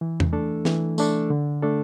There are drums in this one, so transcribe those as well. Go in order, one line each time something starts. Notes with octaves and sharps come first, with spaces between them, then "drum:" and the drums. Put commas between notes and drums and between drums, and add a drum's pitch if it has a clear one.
E3
drum: tom E2
A3 D4 A4
E3, drum: snare
A3 D4 A4, drum: tambourine
D3
A3 D4 A4